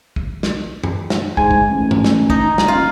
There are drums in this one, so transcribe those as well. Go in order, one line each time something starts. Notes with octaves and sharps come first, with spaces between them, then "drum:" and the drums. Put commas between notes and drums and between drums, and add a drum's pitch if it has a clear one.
drum: kick
drum: snare
drum: tom F#2
drum: snare
G#2 G#5, drum: kick
drum: kick
A1
drum: tom
drum: snare
D#4, drum: kick
drum: snare
D#1 F4